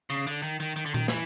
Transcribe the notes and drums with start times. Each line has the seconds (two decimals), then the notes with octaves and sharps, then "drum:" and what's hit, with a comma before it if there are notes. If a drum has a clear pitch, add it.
0.10 C#3, drum: hi-hat
0.27 D3, drum: hi-hat
0.42 D#3, drum: hi-hat
0.60 D#3, drum: hi-hat
0.76 D#3, drum: hi-hat
0.86 D3
0.94 D#3, drum: tom A#2
1.08 E3, drum: snare